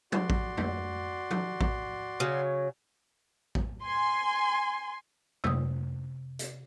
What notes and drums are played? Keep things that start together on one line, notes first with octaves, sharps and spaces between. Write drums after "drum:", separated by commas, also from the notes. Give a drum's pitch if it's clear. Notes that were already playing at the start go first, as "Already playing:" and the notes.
F#4 D5 C6, drum: tom
drum: kick A1
drum: tom F2
drum: tom
drum: kick A1
C#3 F#3
drum: kick A1
G#5 C6
C3 D#6, drum: tom F2
drum: hi-hat